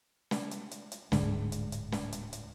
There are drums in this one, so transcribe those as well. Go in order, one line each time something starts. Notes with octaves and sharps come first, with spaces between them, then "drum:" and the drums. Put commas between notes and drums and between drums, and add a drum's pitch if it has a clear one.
drum: snare
drum: hi-hat
drum: hi-hat
drum: hi-hat
D1 G1 G#2 D3, drum: snare
drum: hi-hat
drum: hi-hat
drum: snare
drum: hi-hat
drum: hi-hat